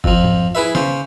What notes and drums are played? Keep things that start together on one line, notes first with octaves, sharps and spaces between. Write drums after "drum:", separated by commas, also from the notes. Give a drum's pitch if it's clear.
F2 F3, drum: kick
drum: tom G#2
E4 G#4 B4 E5
C#3 C5, drum: snare